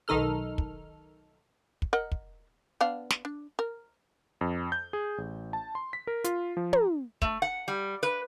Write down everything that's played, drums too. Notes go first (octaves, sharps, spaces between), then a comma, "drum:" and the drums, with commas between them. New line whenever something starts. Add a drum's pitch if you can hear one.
B1 D#3 D#4 A4 F6
drum: kick
drum: kick
A#4 D#5 F#5
drum: kick
B3 D4 F5
drum: snare
D4
A#4
F2
G6
G#4
A1
A5
C6
B6
A#4
F4, drum: hi-hat
F3
A#5, drum: tom
A3, drum: kick
F#5
G3
B4